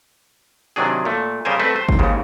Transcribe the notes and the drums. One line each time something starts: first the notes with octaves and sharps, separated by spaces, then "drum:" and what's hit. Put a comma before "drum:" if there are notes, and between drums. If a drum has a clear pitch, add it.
C3 D#3 F#3 D4 G#4
A#2 A3
C#3 G3 A#4 C5 G#5
A3 C4 A4 B4 E5
C5
drum: kick G1
D#2 G#2 C#3